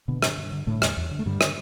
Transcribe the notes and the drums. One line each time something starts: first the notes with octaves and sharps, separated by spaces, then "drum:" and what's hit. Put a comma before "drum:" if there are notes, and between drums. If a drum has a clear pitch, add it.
B2 D3 B3
G2, drum: rim click
G2
D3
A2 D3 A3
E2, drum: rim click
E2
D3
A3
G2 D3 G3
drum: rim click